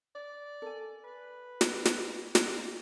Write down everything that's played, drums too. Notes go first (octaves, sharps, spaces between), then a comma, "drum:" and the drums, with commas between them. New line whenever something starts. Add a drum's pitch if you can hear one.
D5
A4 G#5
B4
drum: snare
drum: snare
drum: snare